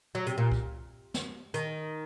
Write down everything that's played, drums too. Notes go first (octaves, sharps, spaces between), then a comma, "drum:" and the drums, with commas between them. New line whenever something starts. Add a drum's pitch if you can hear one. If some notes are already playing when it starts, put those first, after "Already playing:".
F#3
C3, drum: hi-hat
A#2
drum: kick
drum: snare
D#3, drum: hi-hat